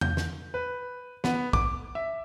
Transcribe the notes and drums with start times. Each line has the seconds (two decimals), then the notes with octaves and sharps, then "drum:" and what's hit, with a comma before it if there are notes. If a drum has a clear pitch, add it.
0.01 G6, drum: tom E2
0.17 drum: snare
0.54 B4
1.24 B3, drum: snare
1.53 D6, drum: kick
1.95 E5